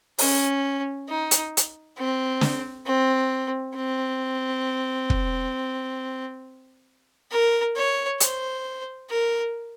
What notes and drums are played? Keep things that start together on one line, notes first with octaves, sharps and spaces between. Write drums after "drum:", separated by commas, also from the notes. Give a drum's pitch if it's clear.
C#4, drum: open hi-hat
D#4
drum: hi-hat
drum: hi-hat
C4
drum: snare
C4
C4
drum: kick
A#4
C#5
C5, drum: hi-hat
A#4